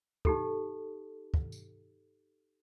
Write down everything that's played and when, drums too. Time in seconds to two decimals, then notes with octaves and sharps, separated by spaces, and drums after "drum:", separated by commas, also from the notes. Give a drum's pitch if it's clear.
0.25 D#4 G4 A4, drum: kick
1.34 drum: kick
1.52 drum: tambourine